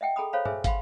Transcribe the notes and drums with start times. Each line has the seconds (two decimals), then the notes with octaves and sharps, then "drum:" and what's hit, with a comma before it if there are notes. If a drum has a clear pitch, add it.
0.01 D#5 E5 F#5 G5
0.16 G#4 A4 G5 A#5 B5 D#6
0.33 A4 C5 C#5 F5 A#5 B5
0.45 G#4 B4 C5 E5 G#5, drum: tom G2
0.64 F5 F#5 B5 C6, drum: kick, hi-hat